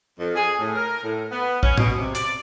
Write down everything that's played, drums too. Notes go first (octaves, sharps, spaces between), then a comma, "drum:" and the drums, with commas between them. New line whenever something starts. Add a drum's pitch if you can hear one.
F2
G#4
A2
A#4
A2
B3
C#4, drum: kick
B2, drum: tom
C3
D5, drum: hi-hat